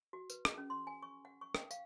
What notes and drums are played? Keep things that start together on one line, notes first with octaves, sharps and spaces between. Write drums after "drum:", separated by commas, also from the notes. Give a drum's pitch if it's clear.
F#4
B4, drum: tambourine
G#4, drum: rim click
C#4
C6
G#5
C#6
F#5
C#6
G5, drum: rim click
F5, drum: tambourine